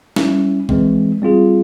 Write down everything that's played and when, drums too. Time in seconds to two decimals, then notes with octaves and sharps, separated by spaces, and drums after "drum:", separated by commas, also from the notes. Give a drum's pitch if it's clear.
0.16 G3 C#4 E4, drum: snare
0.69 E3 G#3 C4, drum: kick A#1
1.22 G3 C4 F4 G#4